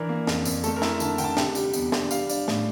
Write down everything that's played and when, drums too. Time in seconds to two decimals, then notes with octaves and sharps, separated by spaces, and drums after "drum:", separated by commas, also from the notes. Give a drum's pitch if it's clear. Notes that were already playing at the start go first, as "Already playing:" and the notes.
Already playing: E3 D4 A#4
0.09 A#3
0.27 F2, drum: snare
0.45 F2, drum: tambourine
0.64 A3 A4, drum: tambourine
0.76 A#4
0.82 E4, drum: snare
1.00 D3 A5, drum: tambourine
1.18 D3 G5, drum: tambourine
1.24 A5
1.37 C3 G5, drum: snare
1.55 G3, drum: tambourine
1.73 E2, drum: tambourine
1.92 D4, drum: snare
2.11 G3 F5, drum: tambourine
2.29 D4, drum: tambourine
2.48 A2, drum: snare